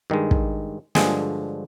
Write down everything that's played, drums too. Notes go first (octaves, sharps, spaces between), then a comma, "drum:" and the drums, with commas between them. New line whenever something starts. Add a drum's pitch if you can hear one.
G2 D#3 G#3
drum: kick
G2 D3 F3 G#3 G#4, drum: snare